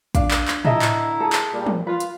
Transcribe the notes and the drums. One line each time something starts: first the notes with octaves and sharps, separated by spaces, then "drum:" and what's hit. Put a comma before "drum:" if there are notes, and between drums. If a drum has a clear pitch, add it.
D4 F5, drum: kick, hi-hat
drum: clap
drum: clap
D3 E4 A4 D#5 E5 A#5, drum: tom A2
drum: clap
G#4 A4
drum: clap
A#2 G3
drum: tom
F4 B4
drum: hi-hat